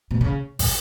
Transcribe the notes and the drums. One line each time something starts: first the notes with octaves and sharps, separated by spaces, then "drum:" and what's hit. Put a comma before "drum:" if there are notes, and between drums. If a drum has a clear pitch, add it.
B2
C#3
drum: kick, open hi-hat